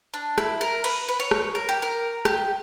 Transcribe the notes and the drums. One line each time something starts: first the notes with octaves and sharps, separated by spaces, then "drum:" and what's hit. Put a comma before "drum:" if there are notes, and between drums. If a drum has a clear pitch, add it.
D4
E4, drum: rim click
A#4
B4, drum: cymbal
B4
C#5
drum: rim click
A#4
G4
A#4
G4, drum: rim click